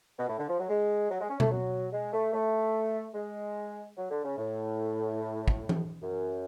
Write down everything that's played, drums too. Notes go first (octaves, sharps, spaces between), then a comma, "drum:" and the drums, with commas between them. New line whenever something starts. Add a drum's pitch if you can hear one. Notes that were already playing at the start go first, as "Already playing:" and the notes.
B2
A2
D3
F3
F#3
G#3
F#3
G#3
C#4
A3, drum: tom B2
F#3
G#3
A3
A3
G#3
F#3
D3
C#3
A2
drum: kick
drum: tom E3
F#2